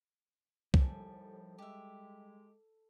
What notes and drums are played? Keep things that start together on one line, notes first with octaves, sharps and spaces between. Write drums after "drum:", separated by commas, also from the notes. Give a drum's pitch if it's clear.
D#2 A2 F3 G3 A4 G#5, drum: kick C2
G#3 G4 E5